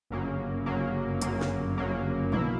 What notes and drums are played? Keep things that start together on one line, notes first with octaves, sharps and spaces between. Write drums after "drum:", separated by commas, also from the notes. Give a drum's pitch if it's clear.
G1 F#2 C#3 F#3 A#3
G1 F#2 C#3 F#3 A#3
G1 F#2 C#3 F#3 A#3, drum: hi-hat
drum: snare
G1 F#2 C#3 F#3 A#3
B1 B2 A#3 E4, drum: tom